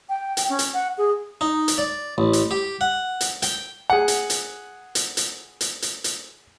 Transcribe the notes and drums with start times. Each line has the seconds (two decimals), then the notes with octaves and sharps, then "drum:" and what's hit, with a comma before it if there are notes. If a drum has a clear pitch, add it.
0.09 G5
0.37 drum: hi-hat
0.49 C#4
0.59 drum: hi-hat
0.73 F#5
0.98 G#4
1.41 D#4
1.68 drum: hi-hat
1.78 D5
2.18 A1
2.33 drum: hi-hat
2.51 G4
2.81 F#5
3.21 drum: hi-hat
3.42 G5, drum: hi-hat
3.90 G#4 F#5
4.08 drum: hi-hat
4.30 drum: hi-hat
4.95 drum: hi-hat
5.17 drum: hi-hat
5.61 drum: hi-hat
5.82 drum: hi-hat
6.04 drum: hi-hat